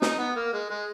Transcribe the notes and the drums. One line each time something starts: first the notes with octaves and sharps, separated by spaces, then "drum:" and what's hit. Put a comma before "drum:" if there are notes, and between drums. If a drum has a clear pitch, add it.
D#4, drum: snare
B3
A#3
G#3
G#3